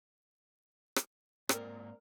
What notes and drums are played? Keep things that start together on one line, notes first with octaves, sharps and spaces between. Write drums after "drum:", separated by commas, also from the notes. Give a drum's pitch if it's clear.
drum: rim click
G#2 A#3 C4 A#4 D5, drum: rim click